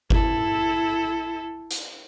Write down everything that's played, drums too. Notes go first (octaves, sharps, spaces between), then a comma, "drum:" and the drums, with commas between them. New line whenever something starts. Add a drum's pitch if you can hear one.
E4 A4, drum: kick G1
drum: hi-hat